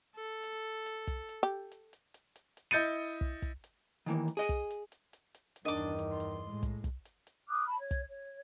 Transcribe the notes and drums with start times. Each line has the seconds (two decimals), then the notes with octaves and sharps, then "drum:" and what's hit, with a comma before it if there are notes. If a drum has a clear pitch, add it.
0.16 A4
0.43 drum: hi-hat
0.86 drum: hi-hat
1.07 drum: kick, hi-hat
1.29 drum: hi-hat
1.43 G4
1.71 drum: hi-hat
1.93 drum: hi-hat
2.14 drum: hi-hat
2.36 drum: hi-hat
2.57 drum: hi-hat
2.71 E4 D#5 G6 A6 C#7 D#7
3.21 drum: kick
3.42 drum: kick, hi-hat
3.64 drum: hi-hat
4.06 D#3 E3 A#3
4.28 drum: hi-hat
4.37 G#4 D#5
4.49 drum: kick, hi-hat
4.70 drum: hi-hat
4.92 drum: hi-hat
5.13 drum: hi-hat
5.35 drum: hi-hat
5.56 drum: hi-hat
5.65 E2 G2 D#3 D4 D#5 D6
5.77 drum: hi-hat
5.99 drum: hi-hat
6.11 C6
6.20 drum: hi-hat
6.48 A2 G#3
6.63 drum: kick, hi-hat
6.84 drum: kick, hi-hat
7.05 drum: hi-hat
7.27 drum: hi-hat
7.48 D6 D#6 F6 F#6
7.66 A5 B5
7.78 C#5 G#6
7.91 drum: kick, hi-hat
8.07 C#5